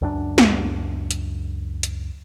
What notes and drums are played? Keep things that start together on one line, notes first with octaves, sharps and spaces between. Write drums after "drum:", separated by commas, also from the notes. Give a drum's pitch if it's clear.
C#2 F#2 D4
drum: snare
drum: hi-hat
drum: hi-hat